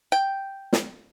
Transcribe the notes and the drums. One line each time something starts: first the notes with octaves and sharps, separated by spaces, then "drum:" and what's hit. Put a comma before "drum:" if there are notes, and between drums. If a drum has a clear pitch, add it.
G5
drum: snare